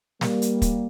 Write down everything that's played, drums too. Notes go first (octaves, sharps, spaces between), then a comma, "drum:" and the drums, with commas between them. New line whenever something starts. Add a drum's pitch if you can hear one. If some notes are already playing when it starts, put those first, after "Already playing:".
G3 A#3, drum: snare
drum: hi-hat
drum: kick, hi-hat